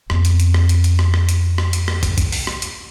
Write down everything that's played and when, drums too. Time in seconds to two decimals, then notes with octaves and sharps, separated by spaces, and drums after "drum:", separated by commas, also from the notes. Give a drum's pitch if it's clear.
0.10 F2 B3, drum: rim click
0.25 drum: hi-hat
0.40 drum: hi-hat
0.54 drum: rim click
0.69 drum: hi-hat
0.84 drum: hi-hat
0.99 drum: rim click
1.14 drum: rim click
1.29 drum: hi-hat
1.58 drum: rim click
1.73 drum: hi-hat
1.88 drum: rim click
2.03 drum: kick, hi-hat
2.18 drum: kick, hi-hat
2.32 drum: open hi-hat
2.47 drum: rim click
2.62 drum: hi-hat